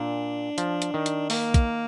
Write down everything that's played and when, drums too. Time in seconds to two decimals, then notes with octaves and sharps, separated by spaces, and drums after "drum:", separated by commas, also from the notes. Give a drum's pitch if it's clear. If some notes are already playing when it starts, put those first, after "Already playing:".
Already playing: A#2 D4
0.58 F3, drum: hi-hat
0.82 drum: hi-hat
0.94 D#3
1.06 drum: hi-hat
1.30 A#3, drum: open hi-hat
1.54 drum: kick, hi-hat